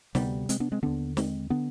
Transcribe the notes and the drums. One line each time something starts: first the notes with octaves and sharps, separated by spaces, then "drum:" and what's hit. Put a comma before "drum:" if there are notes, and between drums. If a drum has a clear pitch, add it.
D2 C3 G3 B3, drum: snare
G#3 C4, drum: hi-hat
B3 D4
G#3 C4
D#2 D3 B3 D4
G#3 C4, drum: snare
D3 B3 D4